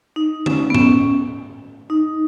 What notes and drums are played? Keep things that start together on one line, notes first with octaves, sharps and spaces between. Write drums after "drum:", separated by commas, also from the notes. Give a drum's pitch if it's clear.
D#4
C#4, drum: tom D3
B3
C#4, drum: tom A2
D#4